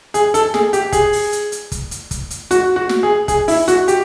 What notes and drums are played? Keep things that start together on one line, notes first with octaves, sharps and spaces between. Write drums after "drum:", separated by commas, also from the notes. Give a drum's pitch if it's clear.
G#4, drum: hi-hat
A4, drum: hi-hat
G#4, drum: snare
G4, drum: hi-hat
G#4, drum: kick, hi-hat
drum: open hi-hat
drum: hi-hat
drum: hi-hat
drum: kick, hi-hat
drum: hi-hat
drum: kick, hi-hat
drum: hi-hat
F#4, drum: hi-hat
F#4
drum: snare
G#4
G#4, drum: kick, hi-hat
E4, drum: open hi-hat
F#4, drum: hi-hat
G4, drum: hi-hat